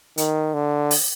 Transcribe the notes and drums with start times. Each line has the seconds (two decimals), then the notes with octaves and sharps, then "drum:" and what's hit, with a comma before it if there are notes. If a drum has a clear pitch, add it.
0.18 D#3, drum: hi-hat
0.54 D3
0.91 drum: open hi-hat